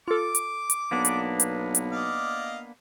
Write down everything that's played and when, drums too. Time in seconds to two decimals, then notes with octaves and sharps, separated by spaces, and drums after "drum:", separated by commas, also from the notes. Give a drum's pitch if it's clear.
0.08 F4 A4 D6
0.35 drum: hi-hat
0.70 drum: hi-hat
0.91 B1 A#3 B3 D4
1.05 drum: hi-hat
1.40 drum: hi-hat
1.75 drum: hi-hat
1.92 D5 D#5 F5